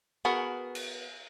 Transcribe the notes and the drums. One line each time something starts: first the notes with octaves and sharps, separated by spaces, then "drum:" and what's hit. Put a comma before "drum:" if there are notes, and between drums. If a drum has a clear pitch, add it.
B3 F#4 G#4 A#4
drum: cymbal